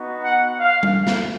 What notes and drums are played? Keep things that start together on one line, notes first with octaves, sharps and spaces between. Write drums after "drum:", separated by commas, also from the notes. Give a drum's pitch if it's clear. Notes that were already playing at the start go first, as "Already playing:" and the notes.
Already playing: B3 D#4 F#4
F#5
F5
drum: tom G3
drum: snare